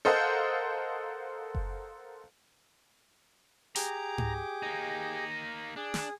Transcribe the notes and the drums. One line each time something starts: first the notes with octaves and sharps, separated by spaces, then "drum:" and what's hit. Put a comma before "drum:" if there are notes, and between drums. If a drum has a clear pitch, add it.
A4 A#4 C5 D#5 F5 F#5
drum: kick F#1
G4 G#4 A#5 D6, drum: hi-hat
drum: tom G#2
A#3 D#4
D4 G#4
drum: snare